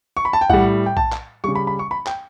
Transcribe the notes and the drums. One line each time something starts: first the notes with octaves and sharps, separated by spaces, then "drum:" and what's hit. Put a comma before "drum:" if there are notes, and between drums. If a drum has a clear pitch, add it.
C#6
B5
A5
G5
A2 G3 F#5, drum: kick A#1
G5
A5, drum: kick A#1
drum: clap
C#3 G3 C#6
B5
B5
C#6
B5
G5, drum: clap